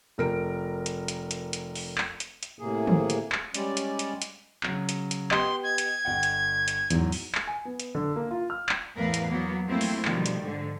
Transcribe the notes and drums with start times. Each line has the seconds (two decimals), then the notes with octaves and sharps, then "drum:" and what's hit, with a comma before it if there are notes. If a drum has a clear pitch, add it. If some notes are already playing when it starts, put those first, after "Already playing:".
0.18 F1 A#4 D7
0.86 drum: hi-hat
1.08 drum: hi-hat
1.31 drum: hi-hat
1.53 drum: hi-hat
1.75 drum: open hi-hat
1.98 drum: clap
2.20 drum: hi-hat
2.43 drum: hi-hat
2.59 A2 C3 A#3 G#4
2.87 drum: tom
3.10 drum: hi-hat
3.32 drum: clap
3.54 G3 G#3 C#4 D5, drum: hi-hat
3.77 drum: hi-hat
3.99 drum: hi-hat
4.22 drum: hi-hat
4.63 C#3 F#3, drum: clap
4.89 drum: hi-hat
5.11 drum: hi-hat
5.31 B3 G4 D#5 C6, drum: clap
5.64 G#6
5.78 drum: hi-hat
6.05 G1 F#5 G5
6.23 drum: hi-hat
6.68 drum: hi-hat
6.90 E2 G#2 F#3, drum: hi-hat
7.12 drum: open hi-hat
7.35 drum: clap
7.47 G#5
7.65 B3
7.80 drum: hi-hat
7.95 D3
8.16 A#3
8.31 F4
8.50 F6
8.69 drum: clap
8.95 E2 A2 A#4 B4 F5
9.14 drum: hi-hat
9.29 F#3 A#3 B3
9.65 F3 A3 A#3 C4 E4
9.81 drum: open hi-hat
10.05 B2 D3 D#3 F3 G3, drum: clap
10.26 drum: hi-hat
10.42 G#2 D3